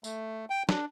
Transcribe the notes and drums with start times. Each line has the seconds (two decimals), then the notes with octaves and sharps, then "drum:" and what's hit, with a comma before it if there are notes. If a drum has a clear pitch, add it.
0.04 A3, drum: tambourine
0.50 G5
0.69 D4, drum: snare